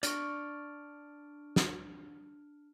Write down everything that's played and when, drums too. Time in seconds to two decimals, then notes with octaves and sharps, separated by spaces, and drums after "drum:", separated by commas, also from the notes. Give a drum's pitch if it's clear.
0.03 D4 D5 C#6 F6 D7, drum: hi-hat
1.56 drum: snare